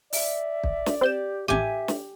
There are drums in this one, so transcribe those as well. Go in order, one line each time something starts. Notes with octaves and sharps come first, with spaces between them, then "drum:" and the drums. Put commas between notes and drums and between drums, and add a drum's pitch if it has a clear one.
D5 E5, drum: open hi-hat
drum: kick
drum: snare
C4 G4 G6 E7
A1 G4 E5 G#5 D#7
drum: snare